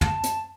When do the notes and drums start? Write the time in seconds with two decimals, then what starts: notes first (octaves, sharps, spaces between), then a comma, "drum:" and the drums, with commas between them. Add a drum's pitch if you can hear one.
0.01 A5, drum: tom
0.23 drum: hi-hat